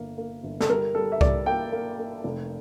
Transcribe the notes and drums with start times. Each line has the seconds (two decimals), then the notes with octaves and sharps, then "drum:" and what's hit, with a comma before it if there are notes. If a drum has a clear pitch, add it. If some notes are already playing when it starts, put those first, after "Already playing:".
Already playing: G1 A#3
0.18 A#3
0.43 G1
0.60 A4, drum: snare
0.69 G3 A#4
0.95 G3 A4
1.12 E5
1.21 G3 D5, drum: kick C2
1.46 A#3 G5
1.72 A#3
1.99 A#3
2.24 F1